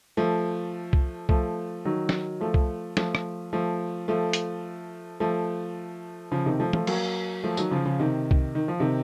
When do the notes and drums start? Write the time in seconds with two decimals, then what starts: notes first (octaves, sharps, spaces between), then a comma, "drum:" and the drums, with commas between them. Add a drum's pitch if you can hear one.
0.17 F3 A3
0.93 drum: kick C2
1.29 F3 A3, drum: kick C2
1.85 D#3 F#3
2.09 drum: snare
2.41 F3 A3
2.54 drum: kick C2
2.97 F3 A3, drum: snare
3.15 drum: rim click
3.53 F3 A3
4.08 F3 A3
4.33 drum: hi-hat
5.20 F3 A3
6.31 C#3 F3
6.46 C3 D#3
6.60 F3 A3
6.73 F3 A3, drum: tom
6.87 F#3 A#3, drum: cymbal
7.44 F3 A3
7.57 D#3 F#3, drum: tambourine
7.71 C#3 F3
7.86 C#3 F3
7.99 C3 D#3
8.31 drum: kick C2
8.55 D#3
8.68 F3
8.80 C3 D#3